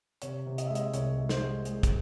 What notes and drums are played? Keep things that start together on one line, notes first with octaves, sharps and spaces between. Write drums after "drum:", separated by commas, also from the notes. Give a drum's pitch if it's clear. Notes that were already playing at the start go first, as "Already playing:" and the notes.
C3 C#5, drum: hi-hat
C3
D#5, drum: hi-hat
E5
G#3
D#5, drum: hi-hat
C2 C#5, drum: hi-hat
G#3
C5, drum: snare
G#3
G#3, drum: hi-hat
drum: kick, hi-hat